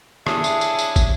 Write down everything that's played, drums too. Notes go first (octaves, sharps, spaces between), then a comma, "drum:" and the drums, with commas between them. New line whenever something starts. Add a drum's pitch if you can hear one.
D4 E4 G#4 C#5 E5, drum: rim click
drum: tambourine
drum: tambourine
drum: tambourine
drum: kick, tambourine